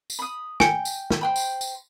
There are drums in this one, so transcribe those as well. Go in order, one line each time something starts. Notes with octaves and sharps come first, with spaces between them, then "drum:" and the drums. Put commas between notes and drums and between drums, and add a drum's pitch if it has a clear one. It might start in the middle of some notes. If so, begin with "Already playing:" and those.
drum: tambourine
B5 D#6
G5 G#5 C#7, drum: snare
drum: tambourine
drum: snare
C5 G5 B5
drum: tambourine
drum: tambourine